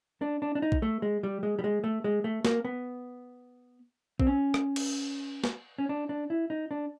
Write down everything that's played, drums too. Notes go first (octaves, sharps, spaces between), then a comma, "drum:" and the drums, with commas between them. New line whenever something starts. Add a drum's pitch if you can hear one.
D4
D4
D4
D#4
drum: kick B1
A3
G#3
G3
G#3
G3
G#3
A3
G#3
A3
A#3, drum: snare
B3
C4, drum: kick B1
C#4
drum: rim click
drum: cymbal
drum: snare
C#4
D4
D4
E4
D#4
D4